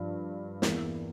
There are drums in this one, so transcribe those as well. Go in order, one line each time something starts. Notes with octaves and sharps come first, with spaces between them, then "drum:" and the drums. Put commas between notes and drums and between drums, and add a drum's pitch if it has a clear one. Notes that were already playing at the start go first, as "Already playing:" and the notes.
Already playing: G2 F3
E2 E3 A#3 E4, drum: snare